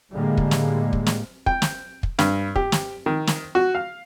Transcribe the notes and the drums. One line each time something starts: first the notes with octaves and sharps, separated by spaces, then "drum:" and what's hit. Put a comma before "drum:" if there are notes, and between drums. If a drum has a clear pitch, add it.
A2 D3 G3 G#3 A#3
drum: kick
drum: snare
drum: kick
drum: snare
G5, drum: kick
drum: snare
drum: kick
G2, drum: snare
G4, drum: kick
drum: snare
D#3
drum: snare
F#4
F5